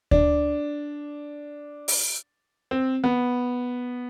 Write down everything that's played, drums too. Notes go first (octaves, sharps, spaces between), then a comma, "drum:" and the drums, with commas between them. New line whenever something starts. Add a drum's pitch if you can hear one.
D4, drum: kick D2
drum: open hi-hat
C4
B3